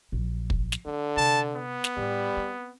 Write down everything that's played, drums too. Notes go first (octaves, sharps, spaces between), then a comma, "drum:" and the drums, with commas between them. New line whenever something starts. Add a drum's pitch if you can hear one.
A#1 F#3
drum: kick
drum: snare
D3 G#3
C3 A5
B3
drum: snare
A2 G3 F4
C4